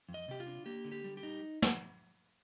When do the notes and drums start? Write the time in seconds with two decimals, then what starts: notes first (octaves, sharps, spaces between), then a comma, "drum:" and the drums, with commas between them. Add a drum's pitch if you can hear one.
0.09 F2
0.14 D#5
0.28 C3 G4
0.40 F4
0.47 D4
0.66 A#3 G4
0.85 D3
0.92 G4
1.04 G3
1.17 G4
1.23 D#4
1.62 drum: snare